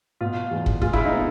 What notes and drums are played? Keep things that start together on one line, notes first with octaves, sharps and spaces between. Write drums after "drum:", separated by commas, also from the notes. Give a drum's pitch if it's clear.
B2 F4
E2
drum: kick
G#3 F4, drum: kick
E4, drum: kick
D#4
B3